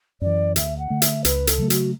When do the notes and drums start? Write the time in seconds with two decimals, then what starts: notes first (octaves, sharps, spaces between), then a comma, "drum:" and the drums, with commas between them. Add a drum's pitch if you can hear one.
0.21 F#2 E3 D5
0.56 D2 E5, drum: hi-hat
0.79 F#5
0.90 D3 A3
1.02 E5, drum: hi-hat
1.25 C#2 B4, drum: hi-hat
1.47 A4, drum: hi-hat
1.58 C#3 F#3 A3
1.70 F#4, drum: hi-hat